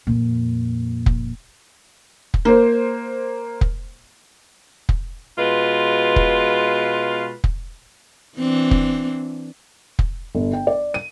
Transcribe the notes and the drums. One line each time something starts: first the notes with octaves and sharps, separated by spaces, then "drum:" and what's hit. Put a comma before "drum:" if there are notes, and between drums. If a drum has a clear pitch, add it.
F2 A#2
drum: kick
drum: kick
A#3 C5
drum: kick
drum: kick
B2 G#3 F4 B4
drum: kick
drum: kick
E3 C4 D4
drum: kick
drum: kick
G1
G5
D5
D#7